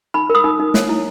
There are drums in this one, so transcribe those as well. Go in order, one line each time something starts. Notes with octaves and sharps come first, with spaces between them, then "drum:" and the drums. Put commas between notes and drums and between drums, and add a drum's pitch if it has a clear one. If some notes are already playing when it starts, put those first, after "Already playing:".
D#4 B5
A#4
D#6
D#4
D#4
C#5, drum: snare
E4